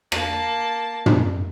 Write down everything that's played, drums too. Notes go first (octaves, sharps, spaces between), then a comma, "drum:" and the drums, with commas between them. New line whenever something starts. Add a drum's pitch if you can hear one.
A#3 A5, drum: rim click
drum: tom